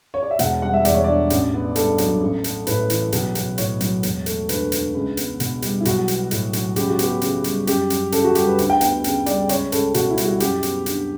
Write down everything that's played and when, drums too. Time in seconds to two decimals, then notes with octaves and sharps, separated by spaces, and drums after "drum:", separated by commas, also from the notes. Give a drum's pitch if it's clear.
0.14 C#5
0.23 D5
0.31 E5
0.39 E1 F#5, drum: hi-hat
0.62 G3 F#5
0.74 E5
0.85 E2 D5, drum: hi-hat
0.94 C#5
1.04 D3 D5
1.30 A1, drum: hi-hat
1.53 B3
1.76 G2 A4, drum: hi-hat
1.98 F#3, drum: hi-hat
2.21 A1
2.44 A3, drum: hi-hat
2.67 A2 B4, drum: hi-hat
2.90 E3, drum: hi-hat
3.12 B1, drum: hi-hat
3.35 B1, drum: hi-hat
3.58 A2 C#5, drum: hi-hat
3.81 F#3, drum: hi-hat
4.03 E1, drum: hi-hat
4.26 A3, drum: hi-hat
4.49 D2 B4, drum: hi-hat
4.72 D3, drum: hi-hat
4.94 C#2
5.17 B3, drum: hi-hat
5.40 B2, drum: hi-hat
5.62 G3, drum: hi-hat
5.80 E4
5.85 B1 F#4, drum: hi-hat
6.08 B3, drum: hi-hat
6.31 A2, drum: hi-hat
6.53 F#3, drum: hi-hat
6.76 C#2 G4, drum: hi-hat
6.90 F#4
6.99 B3 G4, drum: hi-hat
7.21 C#3, drum: hi-hat
7.44 G3, drum: hi-hat
7.67 F#2 G4, drum: hi-hat
7.90 F#2, drum: hi-hat
8.12 C#3 A4, drum: hi-hat
8.24 F#4
8.35 G3 G4, drum: hi-hat
8.47 B4
8.58 D2, drum: hi-hat
8.70 G5
8.81 B3 G5, drum: hi-hat
9.04 C#3, drum: hi-hat
9.26 G3 D5, drum: hi-hat
9.49 C#2 C#5, drum: hi-hat
9.72 C#2 A4, drum: hi-hat
9.94 B2 F#4, drum: hi-hat
10.10 E4
10.18 G3, drum: hi-hat
10.25 F#4
10.40 F#2 G4, drum: hi-hat
10.63 B3, drum: hi-hat
10.86 D3, drum: hi-hat